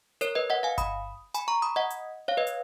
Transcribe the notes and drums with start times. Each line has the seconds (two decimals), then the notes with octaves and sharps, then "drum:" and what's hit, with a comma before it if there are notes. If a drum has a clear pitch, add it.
0.21 A#4 C#5, drum: hi-hat
0.35 B4 D#5
0.50 D#5 F#5
0.63 F5 G#5
0.78 B5 D#6, drum: kick G1, hi-hat
1.34 G#5 B5, drum: hi-hat
1.48 A#5 C#6
1.62 B5 D#6
1.76 D#5 F#5
1.90 drum: hi-hat
2.28 C#5 F5
2.37 B4 D#5
2.47 drum: hi-hat